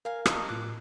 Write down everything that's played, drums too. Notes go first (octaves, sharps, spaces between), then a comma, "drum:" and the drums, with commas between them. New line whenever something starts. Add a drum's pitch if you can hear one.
A#4 F5 G#5
A#4 D#5 G#5 A5 C#6 E6, drum: rim click
A2 F4 D6 F#6